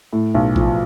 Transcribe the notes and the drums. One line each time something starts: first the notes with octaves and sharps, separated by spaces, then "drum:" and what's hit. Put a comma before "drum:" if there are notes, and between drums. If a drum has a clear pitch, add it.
A2
B1
F3, drum: kick A1